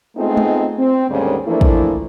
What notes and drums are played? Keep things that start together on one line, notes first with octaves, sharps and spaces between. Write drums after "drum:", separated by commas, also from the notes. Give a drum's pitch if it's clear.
G#3 A3 B3 C4 D#4 F4
drum: tom G#3
C4
D#2 G#2 D3 G3 A#3 C#4
E3 F3 A3 A#3 D4 E4
drum: kick